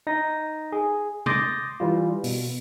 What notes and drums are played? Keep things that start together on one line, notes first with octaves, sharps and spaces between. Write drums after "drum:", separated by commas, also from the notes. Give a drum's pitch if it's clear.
D#4 A#6
G#4
C6 D6 D#6 G6 A6 A#6, drum: tom
E3 G3 F4
B2, drum: open hi-hat